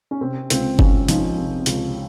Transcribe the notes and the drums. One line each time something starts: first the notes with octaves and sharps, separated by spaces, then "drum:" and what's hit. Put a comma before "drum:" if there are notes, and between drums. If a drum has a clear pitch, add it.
C#4
C3 C4
C#2 C4, drum: hi-hat
C#2 C#4, drum: kick G1
F3 D#4, drum: hi-hat
C3
C#2, drum: hi-hat